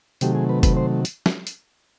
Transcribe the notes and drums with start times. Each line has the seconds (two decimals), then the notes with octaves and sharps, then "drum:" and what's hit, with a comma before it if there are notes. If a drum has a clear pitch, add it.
0.21 C3 D#3 F#3 A3 G4, drum: hi-hat
0.35 G#4
0.49 B4
0.63 B4, drum: kick F#1, hi-hat
0.77 C5
1.05 drum: hi-hat
1.26 drum: snare
1.47 drum: hi-hat